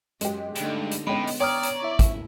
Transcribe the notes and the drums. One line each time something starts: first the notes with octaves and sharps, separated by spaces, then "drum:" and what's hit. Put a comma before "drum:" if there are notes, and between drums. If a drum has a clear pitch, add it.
F#2 G#3 G4, drum: hi-hat
G2 D3 A3 D#4, drum: hi-hat
drum: hi-hat
A2 G#3 B3 C#4 G5 B5
drum: open hi-hat
C#5 D5 G5 A#5 D#6 F6
drum: hi-hat
E4 E5 C#6
drum: kick, hi-hat